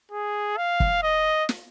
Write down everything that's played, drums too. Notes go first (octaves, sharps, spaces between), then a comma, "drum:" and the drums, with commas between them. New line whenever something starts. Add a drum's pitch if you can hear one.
G#4
F5
drum: kick
D#5
drum: snare